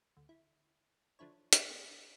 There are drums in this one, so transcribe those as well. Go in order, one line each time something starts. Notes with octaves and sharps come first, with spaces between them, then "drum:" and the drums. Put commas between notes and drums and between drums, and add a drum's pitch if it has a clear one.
D2
E4
D3 F3 D4 E4 C#5
drum: hi-hat
B3